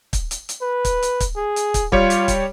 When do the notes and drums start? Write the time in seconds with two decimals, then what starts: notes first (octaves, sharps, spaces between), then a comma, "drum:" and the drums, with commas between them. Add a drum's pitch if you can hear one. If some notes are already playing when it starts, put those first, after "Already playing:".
0.13 drum: kick, hi-hat
0.31 drum: hi-hat
0.49 drum: hi-hat
0.62 B4
0.85 drum: kick, hi-hat
1.03 drum: hi-hat
1.20 drum: kick, hi-hat
1.36 G#4
1.56 drum: hi-hat
1.74 drum: kick, hi-hat
1.92 G3 F4 G4 C#5, drum: kick
2.10 drum: hi-hat
2.28 drum: kick, hi-hat